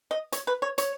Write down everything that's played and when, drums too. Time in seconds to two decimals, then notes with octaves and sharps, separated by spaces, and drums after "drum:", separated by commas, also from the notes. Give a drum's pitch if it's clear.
0.11 D#5
0.32 C#5, drum: hi-hat
0.47 B4
0.62 C#5
0.78 C#5, drum: hi-hat